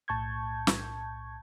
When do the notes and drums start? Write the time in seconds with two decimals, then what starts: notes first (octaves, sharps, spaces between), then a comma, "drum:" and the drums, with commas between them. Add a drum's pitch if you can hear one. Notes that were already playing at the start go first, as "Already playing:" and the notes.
0.08 B1 A2 A5 C#6 G6 G#6
0.67 drum: snare